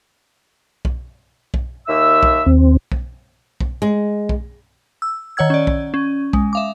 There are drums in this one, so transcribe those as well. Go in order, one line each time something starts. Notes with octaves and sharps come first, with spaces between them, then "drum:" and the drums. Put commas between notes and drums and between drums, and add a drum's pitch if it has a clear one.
drum: kick B1
drum: kick B1
D#2 E5 E6
drum: kick B1
D#2 C4
drum: kick B1
drum: kick B1
G#3
drum: kick B1
E6
D#3 C#5 F#5 E6 G#6
C#4 D5
drum: kick B1
C#4
G#3, drum: kick B1
E5 F5 D6